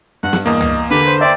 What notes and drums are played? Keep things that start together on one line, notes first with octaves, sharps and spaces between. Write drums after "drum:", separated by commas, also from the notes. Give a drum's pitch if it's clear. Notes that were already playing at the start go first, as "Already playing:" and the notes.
G2 F#5
drum: snare
E2 A#3 D#5
drum: tom
D3 G4 B4
C5
D5 E5 G5 C6